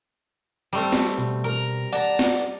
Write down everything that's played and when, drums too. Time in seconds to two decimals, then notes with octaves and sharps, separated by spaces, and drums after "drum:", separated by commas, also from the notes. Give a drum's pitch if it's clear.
0.73 G3 A3 C4
0.93 drum: snare
1.18 B2
1.44 A#4
1.93 D5 F#5 A5 A#5 D6
2.19 drum: snare